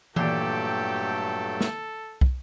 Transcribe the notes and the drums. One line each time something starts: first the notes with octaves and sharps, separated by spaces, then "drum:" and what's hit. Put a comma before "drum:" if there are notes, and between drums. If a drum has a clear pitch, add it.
G2 A#2 F#3 A3 G4 A4 G5, drum: tom E3
drum: snare
drum: kick